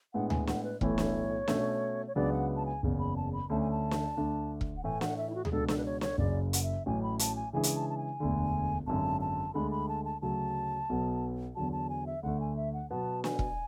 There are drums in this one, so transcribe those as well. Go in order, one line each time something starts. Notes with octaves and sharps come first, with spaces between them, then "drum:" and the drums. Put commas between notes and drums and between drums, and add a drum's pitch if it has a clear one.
A2 G#3 B3 D4 F#5
G#5, drum: tom D2
F#5, drum: snare
B4
B1 A2 E3 A3 E4 C#5, drum: kick E1
drum: snare
B2 A3 C#4, drum: snare
C#5
C#2 C#3 F#3 B3 D4 D5
F#5
A5
G#5
F#1 E2 C#3
B5
A5
B5
D2 D3 A3 C#4 A5
G#5
A5
drum: snare
D2 D3 A3 D4
drum: kick E1
F#5
A2 E3 A3 G#5
F#5, drum: snare
E5
E4
F#4
G#4, drum: tom D2
C#2 B2 G#3 D4 A4
A4, drum: snare
B4
C#5
C#5, drum: snare
F#1 F#2 C#3 D5
F#5, drum: hi-hat
E5
A1 A2 F#3 C#4 G#5
B5
A5, drum: hi-hat
G#5
C#3 E3 G#3 D4 G#4 G#5
drum: hi-hat
A5
A5
G#5
E1 D2 D3
G#1 F#2 D3 A5
A5
D2 D3 G#3 D4 A4 B5
B5
A5
A5
D2 C#3 F#3 A5
B1 B2 F#3 B3
E2 D3 F#3 A5
A5
G#5
E5
D2 D3 A3 F#5
G#5
E5
F#5
B2 F#3 B3 F#4 A5
G#5, drum: snare
drum: kick E1